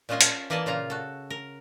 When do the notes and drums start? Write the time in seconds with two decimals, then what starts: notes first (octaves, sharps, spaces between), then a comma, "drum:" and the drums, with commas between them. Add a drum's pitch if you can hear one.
0.09 A#2 G#3 C#4 F4 D#5 G#5
0.21 A5, drum: hi-hat
0.50 E3 A#3 D5 D#5 G#5 A5
0.66 A#2 C#3 F4 A#5
0.90 F#4 A4
1.30 A#4